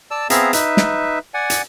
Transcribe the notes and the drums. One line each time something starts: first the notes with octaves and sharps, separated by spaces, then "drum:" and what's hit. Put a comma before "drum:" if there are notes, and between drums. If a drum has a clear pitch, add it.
D5 A5 E6
B3 C4 G#4 E5 F5 A#5, drum: hi-hat
D#4 B4 E5, drum: hi-hat
drum: snare
D5 F#5 G#5
drum: hi-hat